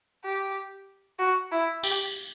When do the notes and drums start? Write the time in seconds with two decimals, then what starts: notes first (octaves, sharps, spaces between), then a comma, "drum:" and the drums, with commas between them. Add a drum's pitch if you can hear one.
0.25 G4
1.19 F#4
1.52 E4
1.83 G4, drum: tambourine